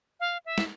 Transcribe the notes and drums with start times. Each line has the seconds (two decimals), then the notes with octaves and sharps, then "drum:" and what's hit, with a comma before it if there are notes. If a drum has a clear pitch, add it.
0.20 F5
0.46 E5
0.58 drum: snare